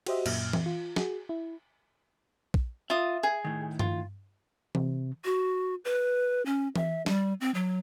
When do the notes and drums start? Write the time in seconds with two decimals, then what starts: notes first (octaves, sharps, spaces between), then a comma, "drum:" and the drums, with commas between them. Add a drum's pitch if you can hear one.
0.06 F#4 G4 C5 D#5 E5, drum: cymbal
0.26 F#2 A#2 E5 F6, drum: cymbal
0.53 drum: tom E3
0.66 F4
0.96 F#4 G#4, drum: snare
1.29 E4
2.54 drum: kick A#1
2.90 F4 E5 D#6
3.23 G#4
3.44 A2 D#3
3.79 F4, drum: tom G2
4.75 C3, drum: tom E3
5.25 F#4
5.85 B4
6.46 C#4
6.76 E5, drum: tom E3
7.06 G3, drum: snare
7.41 C4
7.54 F#3